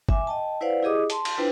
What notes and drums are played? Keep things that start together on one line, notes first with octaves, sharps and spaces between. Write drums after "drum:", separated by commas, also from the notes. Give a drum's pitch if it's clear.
E5 G#5 D6, drum: kick
D#5 G5 A5
E4 B4 C5 D5 F5 F#5
E4 G4 G#4 D#5 D6 D#6
A5 C6, drum: hi-hat
drum: cymbal
D4 E4 F4 B4 C5 G5